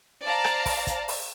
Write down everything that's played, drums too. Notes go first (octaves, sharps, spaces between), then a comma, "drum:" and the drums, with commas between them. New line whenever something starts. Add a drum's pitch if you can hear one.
C5 D5 F5 A5 A#5
drum: rim click
drum: kick, open hi-hat
drum: kick, hi-hat
drum: open hi-hat